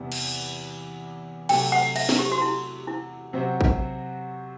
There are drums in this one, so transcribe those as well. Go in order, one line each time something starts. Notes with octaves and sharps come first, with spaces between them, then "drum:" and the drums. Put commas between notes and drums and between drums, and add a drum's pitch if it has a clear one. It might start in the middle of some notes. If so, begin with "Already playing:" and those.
Already playing: E2 C3 G3 B3
drum: cymbal
C3 F#3 A3 G5, drum: cymbal
F#5
E5, drum: cymbal
drum: snare
G4
F#4
E4
E4
C3 F#3 C4 F#4 C5
drum: kick